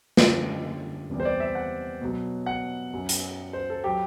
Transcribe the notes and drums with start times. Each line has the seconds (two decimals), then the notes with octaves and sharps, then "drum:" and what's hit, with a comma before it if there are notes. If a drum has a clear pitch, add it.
0.17 F#2 D3 G3 D5, drum: snare
1.09 E2 C3 G3
1.20 C5
1.25 D5
1.40 E5
1.55 F#5
2.02 B2 F#3
2.46 F#5
2.93 F#2 F#3
3.09 drum: hi-hat
3.53 C5
3.70 A4
3.84 F#3 G4